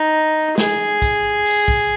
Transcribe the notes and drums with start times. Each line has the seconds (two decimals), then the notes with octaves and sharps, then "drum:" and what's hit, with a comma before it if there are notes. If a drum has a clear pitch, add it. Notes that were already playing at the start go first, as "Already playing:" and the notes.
Already playing: D#4
0.58 G#4, drum: snare
1.02 drum: kick, hi-hat
1.46 drum: open hi-hat
1.68 drum: kick